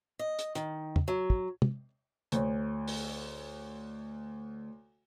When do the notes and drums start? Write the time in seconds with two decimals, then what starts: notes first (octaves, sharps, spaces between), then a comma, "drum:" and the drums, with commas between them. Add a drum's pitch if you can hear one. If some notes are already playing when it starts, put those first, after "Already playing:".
0.19 D#5
0.39 drum: hi-hat
0.55 D#3, drum: hi-hat
0.96 drum: tom E2
1.08 F#3
1.30 drum: kick
1.62 drum: tom
2.32 D2 C#5, drum: hi-hat
2.88 drum: open hi-hat